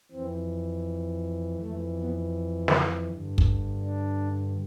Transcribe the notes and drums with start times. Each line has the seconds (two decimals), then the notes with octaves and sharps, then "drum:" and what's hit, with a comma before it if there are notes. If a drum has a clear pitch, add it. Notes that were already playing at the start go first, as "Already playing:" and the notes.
0.12 F2 E3 C4
1.60 F2 E3 A3
1.98 B3
2.68 drum: snare
3.09 G2 D3
3.38 drum: kick
3.83 D4